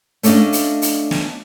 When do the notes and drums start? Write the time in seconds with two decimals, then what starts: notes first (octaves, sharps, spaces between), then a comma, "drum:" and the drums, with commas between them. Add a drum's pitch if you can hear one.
0.23 A3 C#4 D4 D#5 F5, drum: hi-hat
0.53 drum: hi-hat
0.82 drum: hi-hat
1.11 drum: snare